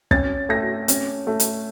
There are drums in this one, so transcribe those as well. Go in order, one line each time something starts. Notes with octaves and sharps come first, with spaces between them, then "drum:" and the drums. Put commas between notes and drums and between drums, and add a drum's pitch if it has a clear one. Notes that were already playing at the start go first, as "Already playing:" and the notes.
C#4 A6, drum: kick
A3 A#6
C#4, drum: hi-hat
A3
drum: hi-hat